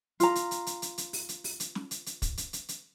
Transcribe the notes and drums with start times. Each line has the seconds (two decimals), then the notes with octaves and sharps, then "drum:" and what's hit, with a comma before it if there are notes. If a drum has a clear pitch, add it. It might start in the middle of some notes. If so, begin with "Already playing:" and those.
0.20 F4 A#5, drum: hi-hat
0.35 drum: hi-hat
0.51 drum: hi-hat
0.67 drum: hi-hat
0.82 drum: hi-hat
0.98 drum: hi-hat
1.13 drum: open hi-hat
1.29 drum: hi-hat
1.44 drum: open hi-hat
1.60 drum: hi-hat
1.75 drum: snare
1.91 drum: hi-hat
2.06 drum: hi-hat
2.22 drum: kick, hi-hat
2.37 drum: hi-hat
2.53 drum: hi-hat
2.69 drum: hi-hat